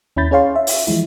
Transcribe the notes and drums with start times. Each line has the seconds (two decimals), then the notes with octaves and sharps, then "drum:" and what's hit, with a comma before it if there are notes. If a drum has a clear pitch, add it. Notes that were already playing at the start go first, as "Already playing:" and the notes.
0.16 D#2 C#4 E4 B5 G6 A6
0.31 C#4 G#4 C#5 F5 C6
0.56 E5
0.67 drum: open hi-hat
0.87 E3 F3 G#3 E4